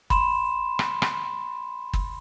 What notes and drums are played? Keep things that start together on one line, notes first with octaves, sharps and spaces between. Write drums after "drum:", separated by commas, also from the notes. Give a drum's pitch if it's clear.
B5 C6 E7, drum: kick G1
drum: rim click
drum: rim click
drum: kick G1